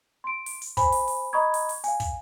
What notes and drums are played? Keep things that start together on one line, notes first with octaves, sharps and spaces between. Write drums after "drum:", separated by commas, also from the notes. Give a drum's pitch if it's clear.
C6 D7
drum: open hi-hat
drum: hi-hat
C5 G#5 B5, drum: kick, hi-hat
drum: open hi-hat
drum: open hi-hat
D#5 A#5 B5 C#6 D#6 G#6
drum: open hi-hat
drum: open hi-hat
F5 G#5, drum: hi-hat
drum: kick, hi-hat